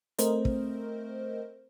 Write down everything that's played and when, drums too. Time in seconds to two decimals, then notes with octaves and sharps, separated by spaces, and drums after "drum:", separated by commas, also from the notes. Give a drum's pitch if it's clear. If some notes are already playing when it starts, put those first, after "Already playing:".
0.19 A3 C4 A#4 C5 D#5, drum: hi-hat
0.45 drum: kick